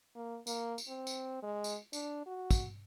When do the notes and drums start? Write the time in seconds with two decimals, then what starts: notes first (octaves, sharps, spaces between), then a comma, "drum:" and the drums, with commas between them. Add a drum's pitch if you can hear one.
0.15 A#3
0.47 A#3, drum: tambourine
0.78 drum: tambourine
0.89 C4
1.07 drum: tambourine
1.43 G#3
1.64 drum: tambourine
1.93 D4, drum: tambourine
2.26 F#4
2.51 drum: kick, tambourine